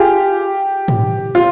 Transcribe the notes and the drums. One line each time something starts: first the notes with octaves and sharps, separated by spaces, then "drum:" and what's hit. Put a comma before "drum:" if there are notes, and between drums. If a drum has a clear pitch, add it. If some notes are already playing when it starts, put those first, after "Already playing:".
Already playing: F4 G4 G#4
drum: tom G#2
F4